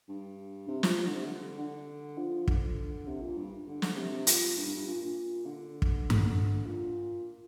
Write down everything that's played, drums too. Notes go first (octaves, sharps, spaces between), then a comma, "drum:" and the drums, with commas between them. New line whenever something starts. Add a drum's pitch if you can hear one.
G2
C3
F3, drum: snare
F3
D3
C3
D3
D3
F3
D3, drum: kick
C3
A#2
G2
D3
D3, drum: snare
C3
C3
A#2, drum: hi-hat
G2
G2
G2
A#2
A#2
D3
drum: kick
drum: tom G2
A#2